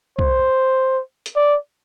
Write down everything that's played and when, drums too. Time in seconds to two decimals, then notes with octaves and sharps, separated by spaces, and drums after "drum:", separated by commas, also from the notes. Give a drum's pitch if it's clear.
0.19 C5, drum: kick
1.26 drum: hi-hat
1.36 D5